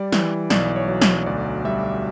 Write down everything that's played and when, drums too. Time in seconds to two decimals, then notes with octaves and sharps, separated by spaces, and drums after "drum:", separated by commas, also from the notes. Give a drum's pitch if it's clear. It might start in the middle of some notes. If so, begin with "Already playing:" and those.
Already playing: G3 D5
0.12 E3, drum: snare
0.50 B1 D5, drum: snare
0.76 C#5
0.88 F#3
1.02 drum: snare
1.26 D2 D5
1.65 G3 E5